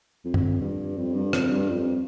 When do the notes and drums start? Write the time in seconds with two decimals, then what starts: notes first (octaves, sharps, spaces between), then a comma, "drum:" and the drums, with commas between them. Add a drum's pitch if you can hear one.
0.25 F2
0.34 drum: tom
0.60 G2
0.97 F2
1.14 G2
1.33 F2, drum: rim click
1.51 G2
1.69 F2